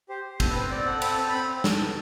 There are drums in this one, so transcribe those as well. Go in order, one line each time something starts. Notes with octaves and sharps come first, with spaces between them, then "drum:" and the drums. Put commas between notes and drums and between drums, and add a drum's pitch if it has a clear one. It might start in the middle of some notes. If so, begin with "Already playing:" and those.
G4 C5
G4
C4 A4, drum: kick, cymbal
B4
C4 C5
C4 D5
A4 F#5
C4 B5, drum: cymbal
C4 A5
C4 B5
C4
A4, drum: snare
B3